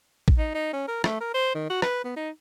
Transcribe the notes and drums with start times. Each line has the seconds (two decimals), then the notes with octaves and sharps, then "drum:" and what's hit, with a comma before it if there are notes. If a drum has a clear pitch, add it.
0.28 drum: kick A1
0.38 D#4
0.55 D#4
0.73 C#4
0.88 A#4
1.04 A3, drum: rim click
1.21 A#4
1.34 C5
1.55 D#3
1.70 F#4
1.82 B4, drum: rim click
2.05 B3
2.16 D#4